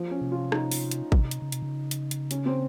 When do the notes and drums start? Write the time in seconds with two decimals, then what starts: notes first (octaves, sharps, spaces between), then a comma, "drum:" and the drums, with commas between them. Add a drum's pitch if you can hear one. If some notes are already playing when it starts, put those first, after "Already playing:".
Already playing: F3
0.11 C#4
0.21 C3
0.31 F4
0.52 D#4, drum: rim click
0.71 drum: open hi-hat
0.91 drum: hi-hat
1.12 C3, drum: kick A1
1.31 drum: hi-hat
1.42 C#3
1.52 C3, drum: hi-hat
1.62 C#3
1.91 drum: hi-hat
2.11 drum: hi-hat
2.31 C#4, drum: hi-hat
2.46 C4